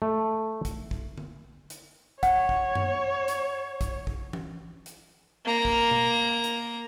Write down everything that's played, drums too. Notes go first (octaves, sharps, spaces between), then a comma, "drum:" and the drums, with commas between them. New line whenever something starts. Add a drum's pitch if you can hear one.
A3
drum: kick, hi-hat
drum: kick
drum: tom D3
drum: hi-hat
C#5 F#5, drum: kick, hi-hat
drum: kick
drum: tom F#2
drum: hi-hat
drum: kick, hi-hat
drum: kick
drum: tom E3
drum: hi-hat
A#3 A#5
drum: kick
drum: tom B2
drum: hi-hat